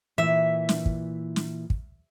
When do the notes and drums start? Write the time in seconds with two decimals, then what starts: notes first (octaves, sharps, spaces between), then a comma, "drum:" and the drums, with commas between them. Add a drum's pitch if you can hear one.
0.18 A#2 E3 E5
0.69 drum: snare
0.86 drum: kick
1.36 drum: snare
1.70 drum: kick